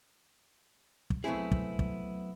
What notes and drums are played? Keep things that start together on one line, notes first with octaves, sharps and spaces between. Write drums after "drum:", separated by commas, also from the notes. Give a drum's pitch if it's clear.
drum: kick
F#3 A3 B3 C4 E4 G#4
drum: kick
drum: kick